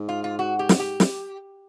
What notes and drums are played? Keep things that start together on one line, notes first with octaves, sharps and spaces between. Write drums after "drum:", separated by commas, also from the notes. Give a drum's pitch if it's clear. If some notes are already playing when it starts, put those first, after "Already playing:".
Already playing: G#2
F4
F4
F#4
G4
drum: snare
G4
drum: snare